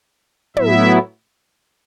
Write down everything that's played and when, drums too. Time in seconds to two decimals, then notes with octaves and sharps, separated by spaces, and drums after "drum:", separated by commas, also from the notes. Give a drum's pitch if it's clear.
0.57 A2 F#3 B3 E4 E5, drum: tom